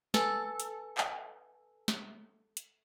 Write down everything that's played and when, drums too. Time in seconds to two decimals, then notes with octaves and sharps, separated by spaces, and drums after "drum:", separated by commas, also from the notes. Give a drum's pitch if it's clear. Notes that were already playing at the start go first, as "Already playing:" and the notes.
0.14 A4 B4 G#5, drum: snare
0.60 drum: hi-hat
0.97 drum: clap
1.88 drum: snare
2.57 drum: hi-hat